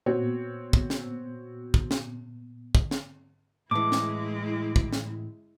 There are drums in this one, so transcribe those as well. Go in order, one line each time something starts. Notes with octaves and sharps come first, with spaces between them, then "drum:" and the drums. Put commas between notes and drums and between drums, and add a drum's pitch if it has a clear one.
A#2 B3 C4 F#4 C#5
drum: kick
drum: snare
drum: kick
drum: snare
drum: kick
drum: snare
A2 E3 G#3 E4 D6
drum: snare
drum: kick
drum: snare